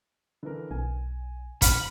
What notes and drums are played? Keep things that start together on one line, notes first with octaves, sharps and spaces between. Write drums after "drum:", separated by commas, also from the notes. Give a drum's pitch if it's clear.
D3 E3 A#4
B1 G#5
F#1 B5 F6 C#7 F#7, drum: kick, hi-hat